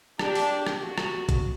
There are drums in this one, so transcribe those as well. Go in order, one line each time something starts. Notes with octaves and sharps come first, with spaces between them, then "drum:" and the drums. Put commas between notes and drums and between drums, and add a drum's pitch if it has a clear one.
D4 G4, drum: rim click
drum: open hi-hat
drum: rim click
F#4
drum: rim click
drum: kick A1, hi-hat